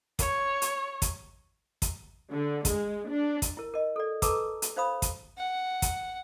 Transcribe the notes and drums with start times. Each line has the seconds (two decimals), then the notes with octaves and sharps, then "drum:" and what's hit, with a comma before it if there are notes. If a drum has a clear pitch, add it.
0.19 C#5, drum: kick, hi-hat
0.62 drum: hi-hat
1.02 drum: kick, hi-hat
1.82 drum: kick, hi-hat
2.30 D3
2.65 G#3, drum: kick, hi-hat
3.08 D4
3.42 drum: kick, hi-hat
3.57 E4 A#4
3.74 A#4 D#5
3.96 A4 D5
4.22 A4 B4 A5 A#5 D6 E6, drum: kick, hi-hat
4.62 drum: hi-hat
4.76 D#4 C5 F5 B5 D#6
5.02 drum: kick, hi-hat
5.38 F#5
5.82 drum: kick, hi-hat